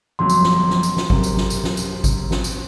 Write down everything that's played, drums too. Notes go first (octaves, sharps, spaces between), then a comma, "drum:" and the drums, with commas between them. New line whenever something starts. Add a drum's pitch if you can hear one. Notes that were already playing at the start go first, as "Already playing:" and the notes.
G1 F2 F#3 C6
drum: tambourine
drum: snare
drum: snare
drum: tambourine
drum: snare
F#2 C3, drum: kick G#1
drum: tambourine
drum: snare
drum: tambourine
drum: snare
drum: tambourine
drum: kick G#1, tambourine
drum: snare
drum: tambourine